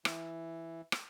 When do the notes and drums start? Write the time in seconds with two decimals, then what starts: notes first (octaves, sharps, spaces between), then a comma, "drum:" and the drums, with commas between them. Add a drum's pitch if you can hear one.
0.05 E3, drum: rim click
0.92 drum: rim click